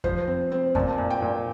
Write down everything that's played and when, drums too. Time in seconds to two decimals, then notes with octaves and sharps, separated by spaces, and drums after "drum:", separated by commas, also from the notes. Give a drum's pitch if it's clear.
0.04 F3 C5, drum: kick F2
0.28 C4
0.52 C4
0.75 A#2 A5, drum: kick F2
0.98 A#2
1.11 G5
1.22 A#2